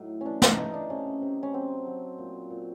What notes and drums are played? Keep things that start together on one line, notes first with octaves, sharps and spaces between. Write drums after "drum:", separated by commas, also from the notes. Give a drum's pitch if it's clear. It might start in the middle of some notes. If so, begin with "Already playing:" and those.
Already playing: A2 F#3 D#4
E3 C#4 D4
D#4, drum: snare
C#3 D#4
D4
C3 C#4
C3
C#4
F#3 C4
F#3
A#2
A#2